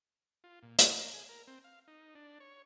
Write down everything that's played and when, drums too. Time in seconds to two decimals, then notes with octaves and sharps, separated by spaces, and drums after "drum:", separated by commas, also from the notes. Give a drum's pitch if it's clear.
0.44 F4
0.62 A#2
0.79 A4, drum: hi-hat
1.01 A#4
1.14 G#4
1.29 A#4
1.47 C4
1.64 F5
1.88 D#4
2.15 D4
2.40 C#5